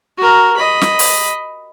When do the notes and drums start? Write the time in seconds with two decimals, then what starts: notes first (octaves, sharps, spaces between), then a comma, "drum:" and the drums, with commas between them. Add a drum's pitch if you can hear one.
0.17 F#4 A#4
0.56 D#5 B5
0.81 drum: snare
0.99 drum: open hi-hat